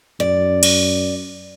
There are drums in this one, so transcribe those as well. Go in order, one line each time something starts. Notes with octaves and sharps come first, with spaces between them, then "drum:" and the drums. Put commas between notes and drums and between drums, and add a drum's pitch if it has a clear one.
F#2 D5
drum: cymbal